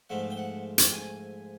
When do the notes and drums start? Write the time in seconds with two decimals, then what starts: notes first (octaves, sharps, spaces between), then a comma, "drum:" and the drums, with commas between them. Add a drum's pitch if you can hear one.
0.10 G#2 F3 A3 F#5
0.30 G5
0.37 F#5
0.78 drum: hi-hat
0.89 G5
0.93 G#5